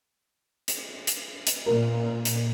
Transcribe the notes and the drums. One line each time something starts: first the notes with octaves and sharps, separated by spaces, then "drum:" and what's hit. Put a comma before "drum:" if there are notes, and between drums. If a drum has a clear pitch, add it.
drum: hi-hat
drum: hi-hat
drum: hi-hat
A#2 A#4
drum: hi-hat